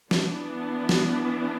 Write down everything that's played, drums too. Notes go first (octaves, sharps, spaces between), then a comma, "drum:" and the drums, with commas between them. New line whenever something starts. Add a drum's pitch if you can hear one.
E3 B3 D4, drum: snare
drum: snare